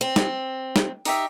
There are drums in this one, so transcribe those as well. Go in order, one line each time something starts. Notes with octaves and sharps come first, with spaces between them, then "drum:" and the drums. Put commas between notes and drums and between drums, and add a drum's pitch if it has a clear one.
C4
drum: snare
drum: snare
D#4 G4 E5, drum: open hi-hat